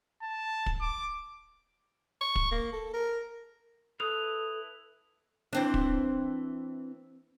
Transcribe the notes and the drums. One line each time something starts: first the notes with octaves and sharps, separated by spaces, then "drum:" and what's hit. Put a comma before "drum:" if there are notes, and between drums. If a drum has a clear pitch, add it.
A5
drum: kick
D6
C#6
drum: kick
A#3
A4
A#4
E4 A4 B4 D#6 F7
E3 C4 D4
drum: kick